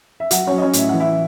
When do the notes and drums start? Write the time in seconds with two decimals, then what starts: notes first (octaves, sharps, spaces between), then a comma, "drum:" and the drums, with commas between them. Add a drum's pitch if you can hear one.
0.20 E5
0.31 F#3 F#4 F#5, drum: hi-hat
0.47 F#3 C#4 C#5
0.58 D#5
0.62 C#4 C#5
0.73 A2, drum: hi-hat
0.79 E5
0.89 E3 F#5
1.00 E4 E5